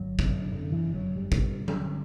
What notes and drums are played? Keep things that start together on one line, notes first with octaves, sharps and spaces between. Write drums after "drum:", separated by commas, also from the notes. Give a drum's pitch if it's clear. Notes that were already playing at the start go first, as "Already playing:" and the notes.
Already playing: G1 F#3
D3, drum: kick
F#2 D3
E3
G1
F#3
G1 G3
drum: kick
G1
drum: tom F#3
D3